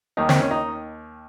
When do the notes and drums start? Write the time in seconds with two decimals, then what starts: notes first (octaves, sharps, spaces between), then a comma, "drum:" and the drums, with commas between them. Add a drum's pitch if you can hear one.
0.17 D#2 D#3 D#4
0.29 C4, drum: snare
0.40 C#4
0.51 D#4